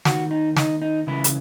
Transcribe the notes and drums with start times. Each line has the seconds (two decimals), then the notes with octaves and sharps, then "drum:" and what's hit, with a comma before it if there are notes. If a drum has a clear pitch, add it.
0.05 D#2 D#3 F#4, drum: snare
0.31 D#4
0.57 D#4, drum: snare
0.82 D#4
1.07 C#2 C#3 E3 E4
1.24 drum: hi-hat